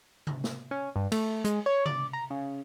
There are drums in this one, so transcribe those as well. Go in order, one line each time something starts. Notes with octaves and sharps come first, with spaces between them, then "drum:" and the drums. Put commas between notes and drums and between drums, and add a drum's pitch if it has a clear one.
drum: tom C3
drum: snare
C#4
G2
A3, drum: cymbal
G#3, drum: hi-hat
C#5
D5, drum: tom C3
A#5
C#3